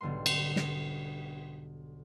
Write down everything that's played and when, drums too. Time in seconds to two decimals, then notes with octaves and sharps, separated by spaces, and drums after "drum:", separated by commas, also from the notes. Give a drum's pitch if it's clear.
0.01 B1 G#2 D3 G3 B3 C6
0.26 drum: cymbal
0.56 drum: snare